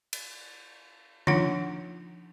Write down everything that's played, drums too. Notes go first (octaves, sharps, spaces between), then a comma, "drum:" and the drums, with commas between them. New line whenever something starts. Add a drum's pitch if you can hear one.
drum: cymbal
F3 D4 D#4 F4 F#5, drum: tom D3